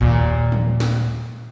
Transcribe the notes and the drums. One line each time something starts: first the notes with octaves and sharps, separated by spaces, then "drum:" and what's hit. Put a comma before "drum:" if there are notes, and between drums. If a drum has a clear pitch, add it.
D#2 A#2
drum: tom
drum: snare